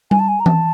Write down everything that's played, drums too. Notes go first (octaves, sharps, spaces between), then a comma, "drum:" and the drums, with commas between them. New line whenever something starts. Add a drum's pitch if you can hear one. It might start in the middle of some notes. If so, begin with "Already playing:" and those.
G#5, drum: tom G3
A5
G#5
A#5
A5, drum: tom E3